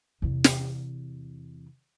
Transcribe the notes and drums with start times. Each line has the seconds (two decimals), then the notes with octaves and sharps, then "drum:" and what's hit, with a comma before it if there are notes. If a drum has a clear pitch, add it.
0.22 E2 C3
0.44 drum: snare